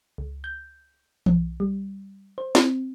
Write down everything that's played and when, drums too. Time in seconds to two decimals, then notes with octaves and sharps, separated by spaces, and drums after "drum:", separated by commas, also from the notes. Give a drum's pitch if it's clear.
0.18 C#2
0.44 G6
1.26 B1, drum: tom E3
1.60 G3
2.38 C5
2.55 C4, drum: snare